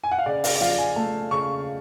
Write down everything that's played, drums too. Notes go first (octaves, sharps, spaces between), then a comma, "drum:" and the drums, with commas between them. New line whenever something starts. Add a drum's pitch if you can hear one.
G#5
F#5
F5
C#3 D5
F5, drum: open hi-hat
D5
F3 F5
G#5
A3 A5
C#3 C#6